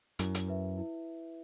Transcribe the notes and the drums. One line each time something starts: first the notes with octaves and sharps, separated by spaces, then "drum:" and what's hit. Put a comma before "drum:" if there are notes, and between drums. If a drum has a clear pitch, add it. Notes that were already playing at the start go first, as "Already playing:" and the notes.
F#2 E4, drum: hi-hat
drum: hi-hat
B4 E5
E4